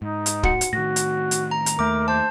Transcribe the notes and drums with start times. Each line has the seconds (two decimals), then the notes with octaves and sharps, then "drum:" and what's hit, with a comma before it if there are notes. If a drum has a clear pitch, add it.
0.02 G#2 D#4
0.26 drum: hi-hat
0.43 F#4 F#5 C#7, drum: kick
0.61 drum: hi-hat
0.73 A2 D#3 F#4 A#6
0.96 drum: hi-hat
1.31 drum: hi-hat
1.51 A#5
1.66 drum: hi-hat
1.79 D#2 A3 A#4 D6
2.08 C5 A5